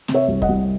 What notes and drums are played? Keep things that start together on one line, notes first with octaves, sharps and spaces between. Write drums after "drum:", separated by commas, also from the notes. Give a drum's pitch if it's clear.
C3, drum: snare
C#5 E5
C2
D#5 F#5, drum: kick
C2